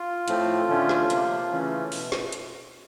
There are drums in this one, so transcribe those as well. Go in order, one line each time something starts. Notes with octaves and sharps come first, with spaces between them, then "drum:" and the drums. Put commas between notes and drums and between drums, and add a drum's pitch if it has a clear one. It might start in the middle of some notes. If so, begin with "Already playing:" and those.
Already playing: F4
A2 F3 A3 C4, drum: hi-hat
D3 F3 A3 C#4
drum: snare
C3 F3 A#3, drum: hi-hat
C#3 E3 A3 C#4
B2, drum: open hi-hat
drum: snare
drum: hi-hat